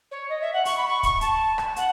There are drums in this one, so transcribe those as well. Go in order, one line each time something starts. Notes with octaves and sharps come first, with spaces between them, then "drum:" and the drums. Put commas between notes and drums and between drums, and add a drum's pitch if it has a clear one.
C#5
D#5
E5
F#5
C#6, drum: open hi-hat
B5
C#6
C#6, drum: kick, hi-hat
A5, drum: hi-hat
drum: rim click
F#5, drum: hi-hat